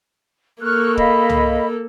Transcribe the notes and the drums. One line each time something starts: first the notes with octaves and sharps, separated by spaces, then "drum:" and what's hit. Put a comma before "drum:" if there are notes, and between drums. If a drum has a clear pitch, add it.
A#3 A4 C#6 F6 F#6
D#5 F5 B5, drum: kick D1
drum: tom